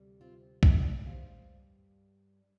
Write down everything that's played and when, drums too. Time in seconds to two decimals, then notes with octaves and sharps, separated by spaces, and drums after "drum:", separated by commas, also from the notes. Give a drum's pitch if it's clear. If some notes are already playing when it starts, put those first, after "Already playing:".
Already playing: D2 C3 G3
0.21 C4 F4
0.63 A4 D5, drum: kick
1.05 G2 G3 C5 F5